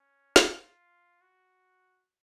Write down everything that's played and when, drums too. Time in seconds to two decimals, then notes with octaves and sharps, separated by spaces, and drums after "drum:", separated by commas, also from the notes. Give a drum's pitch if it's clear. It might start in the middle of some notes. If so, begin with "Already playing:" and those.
Already playing: C#4
0.36 F4, drum: snare
1.21 F#4